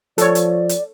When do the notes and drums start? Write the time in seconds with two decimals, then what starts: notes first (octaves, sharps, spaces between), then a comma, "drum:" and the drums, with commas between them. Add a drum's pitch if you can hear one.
0.18 F3 A4 C#5 D5, drum: hi-hat
0.35 drum: hi-hat
0.69 drum: hi-hat